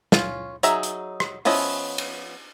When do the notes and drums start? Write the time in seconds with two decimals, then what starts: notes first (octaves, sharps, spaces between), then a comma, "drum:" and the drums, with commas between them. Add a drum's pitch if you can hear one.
0.12 C#4 F4, drum: snare
0.63 F#3 D#4 G#4 E5 A#5, drum: hi-hat
0.83 drum: hi-hat
1.20 drum: rim click
1.45 F3 B3 C#4 E4 D#5, drum: open hi-hat
1.98 drum: cymbal